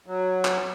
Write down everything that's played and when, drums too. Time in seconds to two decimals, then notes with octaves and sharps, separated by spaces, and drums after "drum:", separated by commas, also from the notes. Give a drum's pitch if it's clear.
0.06 F#3
0.45 drum: clap